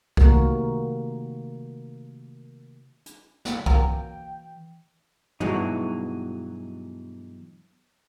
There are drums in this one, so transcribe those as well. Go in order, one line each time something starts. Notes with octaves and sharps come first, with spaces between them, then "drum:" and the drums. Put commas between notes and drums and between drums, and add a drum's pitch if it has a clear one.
C3 D#3 A3 A#3 F#4 A#4, drum: kick C2
drum: hi-hat
drum: snare
E3 F#3 A#3 A#4 G5, drum: kick C2
G2 B2 E3 F#3 G#3 D#4, drum: tom